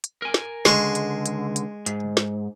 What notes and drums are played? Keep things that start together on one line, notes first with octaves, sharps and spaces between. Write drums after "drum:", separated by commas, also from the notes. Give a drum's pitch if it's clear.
drum: hi-hat
A#4 G#5
drum: snare
C#2 D3 G#3 C6 C#6, drum: snare
drum: hi-hat
drum: hi-hat
drum: hi-hat
G#2, drum: hi-hat
drum: snare